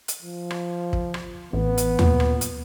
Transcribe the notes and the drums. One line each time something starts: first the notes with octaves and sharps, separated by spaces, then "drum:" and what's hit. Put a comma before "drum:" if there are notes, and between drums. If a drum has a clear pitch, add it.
drum: hi-hat
F3
drum: rim click
drum: kick
drum: rim click
A1 B3
drum: hi-hat
A#2, drum: tom
drum: rim click
drum: hi-hat